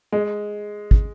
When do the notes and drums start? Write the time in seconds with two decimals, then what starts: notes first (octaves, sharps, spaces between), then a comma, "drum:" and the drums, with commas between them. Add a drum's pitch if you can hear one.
0.12 G#3
0.91 drum: kick